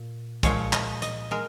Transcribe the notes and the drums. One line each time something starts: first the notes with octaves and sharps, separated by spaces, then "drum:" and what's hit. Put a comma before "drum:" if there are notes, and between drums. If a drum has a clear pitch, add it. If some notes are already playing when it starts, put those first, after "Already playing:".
Already playing: A#2
A#2 F3 G#3 C#5, drum: kick, hi-hat
D#5, drum: clap
D#5, drum: hi-hat
G#3 A#4